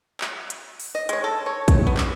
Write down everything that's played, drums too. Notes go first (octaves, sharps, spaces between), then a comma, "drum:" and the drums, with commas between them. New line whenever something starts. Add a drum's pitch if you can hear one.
drum: clap
drum: hi-hat
drum: open hi-hat
D#5
G#3 C#5, drum: hi-hat
A4
C#5
drum: kick, hi-hat
B3
drum: clap